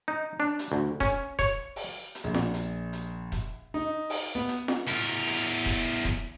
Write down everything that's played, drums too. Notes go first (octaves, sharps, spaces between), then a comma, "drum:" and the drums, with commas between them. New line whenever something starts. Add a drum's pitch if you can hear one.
D#4
D4
drum: hi-hat
D2
C#4, drum: kick E1, hi-hat
C#5, drum: kick E1, hi-hat
drum: open hi-hat
drum: hi-hat
A#1
drum: snare F4
drum: hi-hat
drum: hi-hat
drum: kick E1, hi-hat
D#4
drum: open hi-hat
B3
drum: hi-hat
drum: snare F4
E2 A#4, drum: hi-hat
drum: hi-hat
drum: kick E1, hi-hat
drum: kick E1, hi-hat